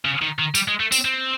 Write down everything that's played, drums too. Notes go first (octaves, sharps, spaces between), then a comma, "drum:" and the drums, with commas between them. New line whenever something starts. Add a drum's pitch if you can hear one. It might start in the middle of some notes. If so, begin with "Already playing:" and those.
C#3
D#3
D#3
G3, drum: tambourine
G#3
A3
C4, drum: tambourine
C4